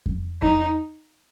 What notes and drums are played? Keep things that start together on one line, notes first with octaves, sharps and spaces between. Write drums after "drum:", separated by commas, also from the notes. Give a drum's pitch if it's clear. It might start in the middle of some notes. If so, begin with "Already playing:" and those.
drum: kick F2
D#4, drum: kick F2